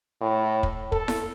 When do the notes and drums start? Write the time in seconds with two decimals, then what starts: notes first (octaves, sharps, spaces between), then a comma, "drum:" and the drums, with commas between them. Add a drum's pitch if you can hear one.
0.21 A2
0.63 drum: kick
0.92 A4, drum: kick
1.08 drum: snare E4